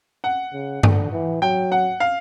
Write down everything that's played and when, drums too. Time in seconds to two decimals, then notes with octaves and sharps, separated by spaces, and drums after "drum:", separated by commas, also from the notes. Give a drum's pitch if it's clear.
0.24 F#5
0.53 C#3
0.83 D3, drum: tom G2
1.12 E3
1.42 F#3 G5
1.72 F#5
2.00 F5